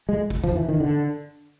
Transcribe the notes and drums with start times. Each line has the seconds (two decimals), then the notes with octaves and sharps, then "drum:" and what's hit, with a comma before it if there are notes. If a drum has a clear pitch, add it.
0.09 G#3
0.30 drum: kick
0.44 F3, drum: kick
0.55 E3
0.69 D#3
0.80 D3